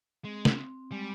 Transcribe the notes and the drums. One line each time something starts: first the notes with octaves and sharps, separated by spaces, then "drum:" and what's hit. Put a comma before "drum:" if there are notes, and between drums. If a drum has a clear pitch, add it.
G#3 C4
drum: snare
C4
G3 G#3